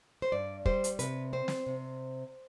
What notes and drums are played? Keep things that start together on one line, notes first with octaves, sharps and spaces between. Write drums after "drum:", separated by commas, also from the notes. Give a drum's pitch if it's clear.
C5
G2 D5
G3 C5, drum: kick
drum: hi-hat
C3 B4, drum: hi-hat
C4 C5
drum: snare
C3